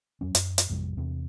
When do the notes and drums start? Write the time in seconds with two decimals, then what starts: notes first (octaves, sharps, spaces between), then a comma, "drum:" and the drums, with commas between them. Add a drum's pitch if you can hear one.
0.21 F2 F#3 C#4
0.35 F#2, drum: hi-hat
0.58 drum: hi-hat
0.70 A1 F2 C3 G3
0.97 E2 C3